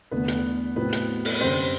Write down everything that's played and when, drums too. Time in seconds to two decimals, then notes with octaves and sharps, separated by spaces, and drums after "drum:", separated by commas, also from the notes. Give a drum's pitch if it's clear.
0.11 E2 D3 A3 B3 B4
0.28 drum: hi-hat
0.76 A2 F#3 B3 C4 B4
0.93 drum: hi-hat
1.25 drum: open hi-hat
1.40 F#2 D3 G3 C4 C5